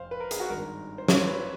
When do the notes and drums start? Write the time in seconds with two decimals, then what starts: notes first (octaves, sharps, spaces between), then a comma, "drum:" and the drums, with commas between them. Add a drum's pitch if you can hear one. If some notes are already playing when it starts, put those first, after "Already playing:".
Already playing: F1 F2 C5 F5
0.11 B4
0.20 A#4
0.31 G#4, drum: hi-hat
0.40 F#4
0.50 G#1 G2 D#3 A#4
0.98 C5
1.08 C#5, drum: snare
1.18 C5
1.27 B4